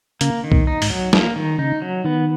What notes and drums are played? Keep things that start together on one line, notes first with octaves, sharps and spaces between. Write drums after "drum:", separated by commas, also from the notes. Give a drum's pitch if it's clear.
C#3 A#3, drum: hi-hat
D#3
B2, drum: kick C2
D#4
G#2, drum: open hi-hat
F#3
F3 A#3, drum: snare
D#3
C#3 D#4
F#3
D#3 B3